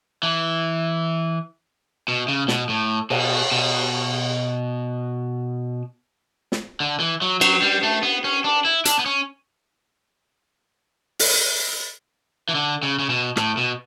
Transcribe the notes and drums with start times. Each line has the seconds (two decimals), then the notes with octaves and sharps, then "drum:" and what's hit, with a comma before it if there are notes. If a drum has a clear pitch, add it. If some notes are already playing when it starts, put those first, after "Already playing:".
0.23 E3
2.08 B2
2.28 C#3
2.48 B2, drum: snare
2.69 A2
3.10 B2, drum: cymbal
3.51 B2
6.52 drum: snare
6.80 D3
7.00 E3
7.22 F#3
7.41 F#3, drum: cymbal
7.62 G3
7.83 A3
8.03 B3
8.24 C#4
8.44 D4
8.65 E4
8.85 D4, drum: hi-hat
8.99 B3
9.06 C#4
11.19 drum: open hi-hat
12.49 E3
12.55 D3
12.83 C#3
12.99 C#3
13.10 B2
13.37 A2, drum: rim click
13.57 B2